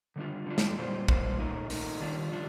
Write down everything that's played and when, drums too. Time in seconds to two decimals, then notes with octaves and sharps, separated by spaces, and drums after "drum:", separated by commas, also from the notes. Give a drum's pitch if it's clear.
0.16 D3 G3 D4 F4
0.47 D3 G3 D4 F4
0.58 drum: snare
0.78 A#2 G3 A#3 F4 C5
1.08 A#2 G3 A#3 F4 C5, drum: kick
1.40 A#2 A3 D#4 A#4
1.70 A#2 A3 D#4 A#4, drum: open hi-hat
2.00 D#3 G3 D4 F4
2.32 D#3 G3 D4 F4